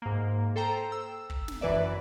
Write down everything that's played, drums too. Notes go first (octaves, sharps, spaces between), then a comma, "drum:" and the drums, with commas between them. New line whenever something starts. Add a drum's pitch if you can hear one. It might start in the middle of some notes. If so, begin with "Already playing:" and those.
G#2 A#3
A4 C5 G5 A#5
E6
drum: kick
drum: snare
F#2 E3 B4 D5 E5